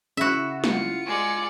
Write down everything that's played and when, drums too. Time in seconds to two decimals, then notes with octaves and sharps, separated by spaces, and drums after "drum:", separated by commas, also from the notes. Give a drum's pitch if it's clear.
0.17 C#3 E4 F#4 E5
0.64 F4 C#7, drum: snare
1.06 G#3 D5